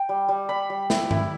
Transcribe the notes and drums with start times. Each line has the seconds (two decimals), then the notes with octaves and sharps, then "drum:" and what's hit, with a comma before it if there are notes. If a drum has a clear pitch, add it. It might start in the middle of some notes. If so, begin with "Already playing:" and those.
Already playing: G5
0.09 G3
0.28 G3
0.49 G3 B5
0.70 G3
0.90 E4, drum: snare
1.11 E4, drum: tom G2